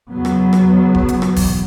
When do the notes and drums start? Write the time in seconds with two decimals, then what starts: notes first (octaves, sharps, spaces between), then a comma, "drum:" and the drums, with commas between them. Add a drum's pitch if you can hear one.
0.11 E2 C#3 F#3 B3
0.25 drum: rim click
0.53 drum: rim click
0.66 E2 C#3
0.95 drum: kick E1
1.08 drum: hi-hat
1.22 E2 B2, drum: rim click
1.36 drum: kick E1, open hi-hat